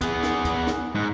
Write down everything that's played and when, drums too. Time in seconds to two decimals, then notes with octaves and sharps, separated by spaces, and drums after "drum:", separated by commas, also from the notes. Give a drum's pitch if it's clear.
0.01 B3 G#4, drum: kick, hi-hat
0.23 drum: snare
0.45 drum: kick, hi-hat
0.67 drum: snare
0.95 G#2